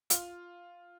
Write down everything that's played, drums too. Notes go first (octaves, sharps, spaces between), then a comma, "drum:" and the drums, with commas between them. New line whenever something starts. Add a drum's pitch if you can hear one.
F4, drum: hi-hat